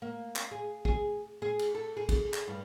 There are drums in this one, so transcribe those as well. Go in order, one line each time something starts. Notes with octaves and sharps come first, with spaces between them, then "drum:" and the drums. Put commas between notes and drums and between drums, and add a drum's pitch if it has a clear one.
A#3
drum: clap
G#4
G#4, drum: kick
G#4
drum: cymbal
A4
G#4
drum: kick, cymbal
drum: clap
G2